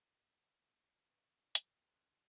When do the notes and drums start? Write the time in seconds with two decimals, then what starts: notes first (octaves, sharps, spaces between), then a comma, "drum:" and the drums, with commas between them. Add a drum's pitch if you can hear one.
1.11 B4 E5 B5 C#6
1.55 F3 F#3 G5 A#5, drum: hi-hat
1.89 C#3 C6 F#6